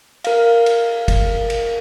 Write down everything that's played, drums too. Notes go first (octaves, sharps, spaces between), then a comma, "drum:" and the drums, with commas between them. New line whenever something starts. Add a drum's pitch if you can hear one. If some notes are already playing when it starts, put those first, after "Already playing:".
A#4 F5, drum: cymbal
drum: cymbal
drum: kick G1, cymbal
drum: cymbal